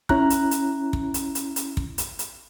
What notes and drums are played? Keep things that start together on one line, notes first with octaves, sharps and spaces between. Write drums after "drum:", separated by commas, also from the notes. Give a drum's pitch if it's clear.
C#4 E4 A#5 F#6, drum: kick
drum: hi-hat
drum: hi-hat
drum: kick
drum: hi-hat
drum: hi-hat
drum: hi-hat
drum: kick
drum: hi-hat
drum: hi-hat